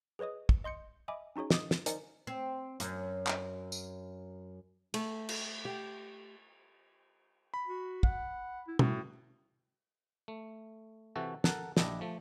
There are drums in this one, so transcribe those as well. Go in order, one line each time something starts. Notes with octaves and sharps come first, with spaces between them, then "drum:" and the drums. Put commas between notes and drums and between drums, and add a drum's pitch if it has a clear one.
G#4 B4 C#5 D#5 D#6
drum: kick
D#5 C6 G6 C#7
D#5 E5 G#5 B5 D6
C#4 D#4 F#4 G#4 C#5
D#5 D6 D#6, drum: snare
drum: snare
D#4 A#4 C5 D5 D#5 G#5, drum: hi-hat
C4
F#2, drum: hi-hat
drum: clap
drum: tambourine
A3, drum: cymbal
drum: cymbal
G4
B5
F#4
F#5, drum: kick
E4
A2 F#4, drum: tom
A3
C3 E3 F#4 A4
A4 A#4 F#5, drum: snare
A#1 D4 E4 G4 D#5 E5, drum: snare
F3 A3